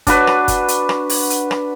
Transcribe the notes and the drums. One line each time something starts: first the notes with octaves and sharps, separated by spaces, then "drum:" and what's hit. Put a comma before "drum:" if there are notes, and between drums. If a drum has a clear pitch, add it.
D4 F#4 B4, drum: kick F#1, hi-hat
drum: rim click
drum: kick F#1, hi-hat
drum: hi-hat
drum: rim click
drum: open hi-hat
drum: hi-hat
drum: rim click